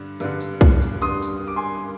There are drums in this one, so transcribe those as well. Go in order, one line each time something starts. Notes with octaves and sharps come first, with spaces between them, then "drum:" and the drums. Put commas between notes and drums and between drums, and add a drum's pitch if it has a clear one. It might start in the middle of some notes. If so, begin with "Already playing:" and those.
Already playing: G2 D3
G2 D3, drum: tambourine
drum: tambourine
drum: kick C2, tambourine
drum: tambourine
G2 D3 C6 D#6, drum: tambourine
drum: tambourine
D6
G#5 C6